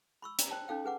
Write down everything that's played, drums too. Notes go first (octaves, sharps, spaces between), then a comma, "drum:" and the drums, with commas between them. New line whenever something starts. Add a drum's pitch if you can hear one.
B5 C#6 E6
D5 A#5, drum: hi-hat
C5 G5 A5
C#4 D#4 A4 F5 G5
G#4 B4 F#5 D6